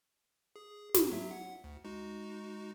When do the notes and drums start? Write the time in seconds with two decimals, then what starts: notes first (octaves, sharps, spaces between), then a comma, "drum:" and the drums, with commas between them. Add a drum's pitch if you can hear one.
0.56 G#4
0.95 G#2, drum: snare
1.11 F#3 E5
1.31 F#5
1.64 D2
1.84 G#3 D#4 F#4